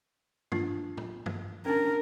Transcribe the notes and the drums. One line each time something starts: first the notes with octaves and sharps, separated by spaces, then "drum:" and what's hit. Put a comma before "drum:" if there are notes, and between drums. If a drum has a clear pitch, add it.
D4 F4, drum: tom
drum: tom
drum: tom
C#4 D4 A#4